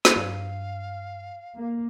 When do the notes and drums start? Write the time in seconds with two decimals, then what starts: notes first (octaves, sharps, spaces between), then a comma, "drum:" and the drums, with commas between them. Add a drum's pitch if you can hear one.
0.05 drum: snare
0.15 G2 F#3 D4 F5
1.56 A#3